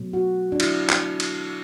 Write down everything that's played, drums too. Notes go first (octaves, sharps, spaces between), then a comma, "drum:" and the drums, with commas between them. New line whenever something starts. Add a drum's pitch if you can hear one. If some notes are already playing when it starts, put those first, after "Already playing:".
Already playing: B2 F#3 A3
F#4
D4
E4, drum: cymbal
drum: clap
drum: cymbal